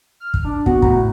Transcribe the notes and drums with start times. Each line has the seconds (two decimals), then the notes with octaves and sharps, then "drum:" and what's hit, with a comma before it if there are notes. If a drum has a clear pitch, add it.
0.20 F6
0.34 drum: kick
0.45 D4
0.66 B3 F#4, drum: kick
0.82 A2 A#5, drum: kick